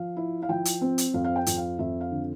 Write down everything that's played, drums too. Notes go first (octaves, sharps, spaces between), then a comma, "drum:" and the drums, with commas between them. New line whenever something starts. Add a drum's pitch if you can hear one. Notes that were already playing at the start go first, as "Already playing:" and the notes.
Already playing: F3 F5
E4
F5
F3 G5
drum: hi-hat
C4
drum: hi-hat
F2 F5
F5
G5
F2, drum: hi-hat
F5
F2 E5
F5
D3